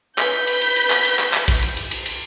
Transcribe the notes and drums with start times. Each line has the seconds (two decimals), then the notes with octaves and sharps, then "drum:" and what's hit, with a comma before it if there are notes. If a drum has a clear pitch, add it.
0.18 B4 G6 B6, drum: clap
0.47 drum: cymbal
0.62 drum: cymbal
0.76 drum: cymbal
0.90 drum: clap
1.05 drum: cymbal
1.19 drum: clap
1.34 drum: clap
1.48 drum: kick, cymbal
1.62 drum: cymbal
1.77 drum: cymbal
1.91 drum: cymbal
2.06 drum: cymbal